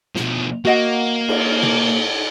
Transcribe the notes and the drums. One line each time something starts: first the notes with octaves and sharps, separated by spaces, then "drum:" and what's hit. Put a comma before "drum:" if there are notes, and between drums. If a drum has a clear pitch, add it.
B2 F3, drum: snare
A#3 F#4 D#5 F#5
drum: cymbal
drum: tom